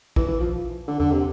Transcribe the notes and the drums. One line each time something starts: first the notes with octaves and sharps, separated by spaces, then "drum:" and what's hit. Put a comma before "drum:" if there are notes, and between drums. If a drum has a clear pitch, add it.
E3, drum: kick
E3
F3
D3
D3, drum: tom E2
C3